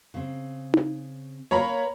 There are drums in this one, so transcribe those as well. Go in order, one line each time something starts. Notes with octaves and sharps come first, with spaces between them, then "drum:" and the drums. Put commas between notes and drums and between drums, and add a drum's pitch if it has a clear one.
C#3 C4
drum: tom D#4
A#3 A#4 B4 C#5 A#5 B5